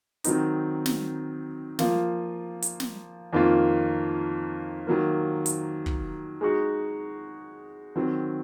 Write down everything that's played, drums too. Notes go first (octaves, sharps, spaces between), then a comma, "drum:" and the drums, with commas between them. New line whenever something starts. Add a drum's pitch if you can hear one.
D#3 F#3 C4 D#4, drum: hi-hat
drum: snare
F3 A#3 F4, drum: snare
drum: hi-hat
drum: snare
F2 D#3 A#3 F4
D#3 F#3 A#3
drum: hi-hat
drum: kick
G#3 D#4 F#4
D#3 F#3 C4